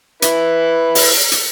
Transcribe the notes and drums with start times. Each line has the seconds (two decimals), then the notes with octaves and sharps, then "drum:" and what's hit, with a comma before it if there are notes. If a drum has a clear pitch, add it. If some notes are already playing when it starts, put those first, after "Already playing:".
0.22 E4 B4, drum: hi-hat
0.95 drum: open hi-hat
1.32 drum: hi-hat